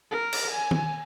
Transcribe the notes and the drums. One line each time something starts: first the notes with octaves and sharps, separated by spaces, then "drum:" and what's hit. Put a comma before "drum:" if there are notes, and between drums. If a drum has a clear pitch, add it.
A#4
drum: cymbal
G#5
drum: tom